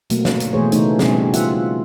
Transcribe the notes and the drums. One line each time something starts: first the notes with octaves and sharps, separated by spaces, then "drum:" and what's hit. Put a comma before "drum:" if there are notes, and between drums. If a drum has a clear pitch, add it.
B2 F#3 A3 A#3, drum: hi-hat
drum: snare
drum: hi-hat
B2 E3 A3 G#4 C5 C#5
C#3 E3 A3 D#4 C5, drum: hi-hat
B2 G3 C4 C#4 G#4, drum: snare
F4 E5 F#5, drum: hi-hat
F4